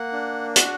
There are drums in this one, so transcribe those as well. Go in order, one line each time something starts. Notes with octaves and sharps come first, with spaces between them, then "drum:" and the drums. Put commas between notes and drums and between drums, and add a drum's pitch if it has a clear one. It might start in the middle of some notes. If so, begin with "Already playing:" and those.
Already playing: A#3 F#5
D4
F#4 F#5, drum: hi-hat